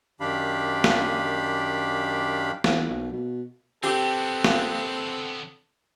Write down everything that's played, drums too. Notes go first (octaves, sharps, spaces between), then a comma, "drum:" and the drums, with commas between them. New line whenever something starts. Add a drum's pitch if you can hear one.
F#2 D#3 D4 G4 F5 B5
drum: snare
E2, drum: snare
B1
B2
D3 B3 C4 G4 A4
drum: snare